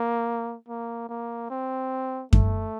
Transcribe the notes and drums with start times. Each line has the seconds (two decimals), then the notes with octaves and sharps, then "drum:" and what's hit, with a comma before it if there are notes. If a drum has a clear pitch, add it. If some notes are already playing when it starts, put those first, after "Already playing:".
Already playing: A#3
0.68 A#3
1.09 A#3
1.50 C4
2.33 A3, drum: kick F#2